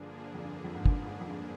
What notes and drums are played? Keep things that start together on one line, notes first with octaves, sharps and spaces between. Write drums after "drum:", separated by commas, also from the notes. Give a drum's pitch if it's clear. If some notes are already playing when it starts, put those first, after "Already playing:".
Already playing: G2 D3 F3 A#3 D4 G#4
F2
G2
F2
G#2
G2, drum: kick
G#2
F2
G2